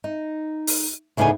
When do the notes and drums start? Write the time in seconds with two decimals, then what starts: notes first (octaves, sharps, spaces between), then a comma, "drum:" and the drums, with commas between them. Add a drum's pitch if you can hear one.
0.04 D#4
0.67 drum: open hi-hat
1.17 D2 A2 C#3 B3 D#4 G#5